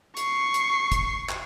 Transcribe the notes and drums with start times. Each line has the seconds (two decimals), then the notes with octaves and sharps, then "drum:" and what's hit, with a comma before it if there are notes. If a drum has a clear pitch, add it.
0.17 C#6 C7, drum: hi-hat
0.54 drum: hi-hat
0.92 drum: kick, hi-hat
1.29 drum: clap